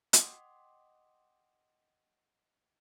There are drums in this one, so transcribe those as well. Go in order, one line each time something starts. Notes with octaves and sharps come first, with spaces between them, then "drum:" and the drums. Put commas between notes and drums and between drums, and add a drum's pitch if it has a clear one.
D#5 F#5 G5 C6 D6 D#6, drum: hi-hat